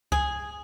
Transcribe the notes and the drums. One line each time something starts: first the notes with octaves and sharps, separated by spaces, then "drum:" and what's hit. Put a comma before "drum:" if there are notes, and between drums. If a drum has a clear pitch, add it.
G#4, drum: kick C#2